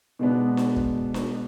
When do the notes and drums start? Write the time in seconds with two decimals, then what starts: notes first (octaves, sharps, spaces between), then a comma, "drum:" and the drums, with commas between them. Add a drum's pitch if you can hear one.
0.19 B2 G#3 B3 D4
0.57 drum: snare D4
0.76 drum: kick
1.14 drum: snare D4